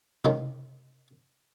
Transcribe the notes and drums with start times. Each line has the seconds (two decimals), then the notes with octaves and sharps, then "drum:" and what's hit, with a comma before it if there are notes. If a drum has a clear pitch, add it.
0.24 D#3 G#3 C#4 D#4 F4, drum: tom C3